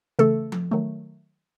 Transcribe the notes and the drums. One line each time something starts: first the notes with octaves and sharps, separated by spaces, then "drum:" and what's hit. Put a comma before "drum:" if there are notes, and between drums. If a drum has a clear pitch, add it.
C#3 E3 A3 A4
drum: tom F3
D#3 F#3 A3